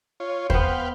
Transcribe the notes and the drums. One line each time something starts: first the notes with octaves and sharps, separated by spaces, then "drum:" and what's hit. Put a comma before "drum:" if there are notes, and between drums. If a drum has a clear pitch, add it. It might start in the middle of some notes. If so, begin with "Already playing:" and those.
F4 C#5
B3 B4 C5 F5 G5, drum: kick